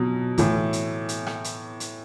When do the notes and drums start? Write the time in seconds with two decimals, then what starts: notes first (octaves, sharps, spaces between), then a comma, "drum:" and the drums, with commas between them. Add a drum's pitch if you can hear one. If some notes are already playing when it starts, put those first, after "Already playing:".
Already playing: B2 F#3
0.38 A2 E3, drum: kick, hi-hat
0.73 drum: hi-hat
1.09 drum: hi-hat
1.27 drum: rim click
1.44 drum: hi-hat
1.80 drum: hi-hat